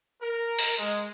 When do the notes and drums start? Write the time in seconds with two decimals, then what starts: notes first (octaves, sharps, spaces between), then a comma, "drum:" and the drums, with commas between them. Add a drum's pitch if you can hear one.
0.21 A#4
0.59 drum: open hi-hat
0.78 G#3